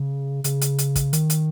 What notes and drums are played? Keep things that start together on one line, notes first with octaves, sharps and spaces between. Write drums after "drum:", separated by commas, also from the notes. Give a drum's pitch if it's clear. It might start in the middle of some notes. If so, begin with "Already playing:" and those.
Already playing: C#3
C#3, drum: hi-hat
drum: hi-hat
drum: hi-hat
drum: kick, hi-hat
D#3, drum: hi-hat
drum: hi-hat